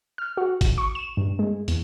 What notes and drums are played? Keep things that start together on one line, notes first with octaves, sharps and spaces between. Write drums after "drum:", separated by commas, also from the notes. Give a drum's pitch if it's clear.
F6
F#4
drum: kick, hi-hat
C#6
E7
G2
G#3
E2, drum: hi-hat